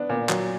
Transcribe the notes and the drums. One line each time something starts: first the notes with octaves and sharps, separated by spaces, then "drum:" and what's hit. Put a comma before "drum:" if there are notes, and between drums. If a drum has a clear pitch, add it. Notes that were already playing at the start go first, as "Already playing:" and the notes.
Already playing: B3 D4
A#2
F#3, drum: clap